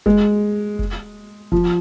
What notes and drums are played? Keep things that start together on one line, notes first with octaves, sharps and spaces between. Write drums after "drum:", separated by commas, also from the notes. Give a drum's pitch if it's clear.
G#3, drum: kick
drum: kick
F3, drum: kick